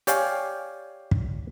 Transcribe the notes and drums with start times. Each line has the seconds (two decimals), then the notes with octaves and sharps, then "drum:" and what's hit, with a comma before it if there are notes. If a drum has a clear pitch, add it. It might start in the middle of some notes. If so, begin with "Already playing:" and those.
0.07 G4 C#5 D5 F5 G5 G#5, drum: hi-hat
1.11 drum: kick